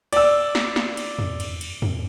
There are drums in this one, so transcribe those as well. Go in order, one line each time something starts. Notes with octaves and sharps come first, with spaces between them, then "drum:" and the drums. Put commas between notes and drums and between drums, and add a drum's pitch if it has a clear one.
D5 E6, drum: cymbal
drum: snare
drum: snare
drum: cymbal
drum: tom
drum: cymbal
drum: cymbal
drum: tom